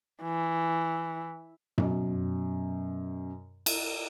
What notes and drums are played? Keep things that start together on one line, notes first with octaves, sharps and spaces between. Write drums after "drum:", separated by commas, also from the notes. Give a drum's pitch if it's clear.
E3
F#2 B2, drum: tom F#2
drum: cymbal